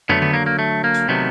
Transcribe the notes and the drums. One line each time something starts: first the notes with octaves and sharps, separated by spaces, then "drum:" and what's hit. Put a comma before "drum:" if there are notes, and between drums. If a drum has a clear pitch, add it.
D3 F#3 A3 B3, drum: tom
B3, drum: tom D3
A#3
A#3
A3
A#3
drum: hi-hat
C3 D#3 F#3 A3 B3